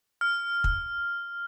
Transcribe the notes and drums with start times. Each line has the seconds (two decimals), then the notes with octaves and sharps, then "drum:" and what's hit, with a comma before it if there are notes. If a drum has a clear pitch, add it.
0.21 F6
0.64 drum: kick